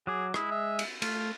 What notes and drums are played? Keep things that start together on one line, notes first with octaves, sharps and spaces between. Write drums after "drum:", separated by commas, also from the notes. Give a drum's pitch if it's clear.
F#3 G#4 D6
G#3 E4 D#6, drum: rim click
E5
drum: cymbal
A3 F4, drum: cymbal